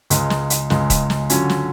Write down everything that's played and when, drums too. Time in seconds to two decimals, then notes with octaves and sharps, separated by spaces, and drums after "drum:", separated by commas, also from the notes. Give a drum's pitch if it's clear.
0.10 C#2 C#3 G#3, drum: hi-hat
0.30 drum: snare
0.50 drum: hi-hat
0.70 C#2 C#3 G#3, drum: snare
0.90 drum: kick D#1, hi-hat
1.10 drum: snare
1.30 D3 F#3 C#4 F4, drum: hi-hat
1.50 drum: snare